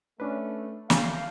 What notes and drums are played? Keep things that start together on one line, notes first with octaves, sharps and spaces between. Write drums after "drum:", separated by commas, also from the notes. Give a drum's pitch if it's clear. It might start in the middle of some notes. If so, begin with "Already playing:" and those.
A3 C#4 D4 B4
E4 A#4 F5 A5 G6, drum: snare